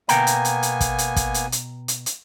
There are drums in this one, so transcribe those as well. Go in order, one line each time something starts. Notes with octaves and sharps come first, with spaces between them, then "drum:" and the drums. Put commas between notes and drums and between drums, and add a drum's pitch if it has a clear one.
B2 A#3 B3 G5 G#5 A#5, drum: hi-hat
drum: hi-hat
drum: hi-hat
drum: hi-hat
drum: kick, hi-hat
drum: hi-hat
drum: kick, hi-hat
drum: hi-hat
drum: hi-hat
drum: hi-hat
drum: hi-hat